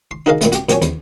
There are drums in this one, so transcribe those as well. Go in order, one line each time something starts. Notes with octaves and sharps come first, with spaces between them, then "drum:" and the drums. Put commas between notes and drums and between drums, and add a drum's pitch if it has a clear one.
C6
D#4 F#4 G#4 A#4 D#5 F5
A#2 G3 A3, drum: hi-hat
F#4 G4, drum: hi-hat
A#2 F#3 G4 C#5 G#5, drum: hi-hat
E2, drum: hi-hat